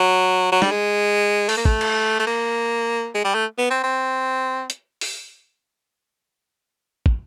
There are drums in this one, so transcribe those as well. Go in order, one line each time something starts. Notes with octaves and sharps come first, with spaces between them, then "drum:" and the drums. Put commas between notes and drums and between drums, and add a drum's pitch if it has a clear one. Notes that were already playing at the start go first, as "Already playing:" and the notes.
Already playing: F#3
F#3
G3, drum: snare
G#3
A3, drum: open hi-hat
A#3
A3, drum: kick
drum: cymbal
A3
A#3
G#3
G3
A3
B3
C4
C4
drum: hi-hat
drum: open hi-hat
drum: kick